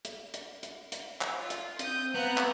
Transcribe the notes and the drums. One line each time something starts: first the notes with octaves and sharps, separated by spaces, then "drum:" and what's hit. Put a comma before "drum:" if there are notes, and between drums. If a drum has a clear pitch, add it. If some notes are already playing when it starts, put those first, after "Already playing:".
drum: hi-hat
drum: hi-hat
drum: hi-hat
drum: hi-hat
drum: clap
F4
drum: hi-hat
C4 D#6 G6, drum: hi-hat
B3 B4 F5 A#5 F#6
drum: clap